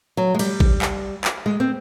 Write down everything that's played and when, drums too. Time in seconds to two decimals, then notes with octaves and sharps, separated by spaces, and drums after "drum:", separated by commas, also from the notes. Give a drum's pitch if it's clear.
0.17 F#3
0.35 G#3
0.39 G3, drum: cymbal
0.60 drum: kick A1
0.82 drum: clap
1.24 drum: clap
1.46 G#3
1.60 C4